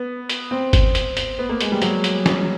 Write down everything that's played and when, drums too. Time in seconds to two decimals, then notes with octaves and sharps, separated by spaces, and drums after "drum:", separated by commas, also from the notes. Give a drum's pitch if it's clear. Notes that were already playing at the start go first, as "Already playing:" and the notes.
Already playing: B3
0.29 drum: hi-hat
0.51 C4
0.73 drum: kick G1, hi-hat
0.95 drum: hi-hat
1.17 drum: hi-hat
1.39 B3
1.49 A#3
1.61 G#3, drum: hi-hat
1.72 G3
1.82 F#3, drum: hi-hat
2.04 drum: hi-hat
2.26 drum: snare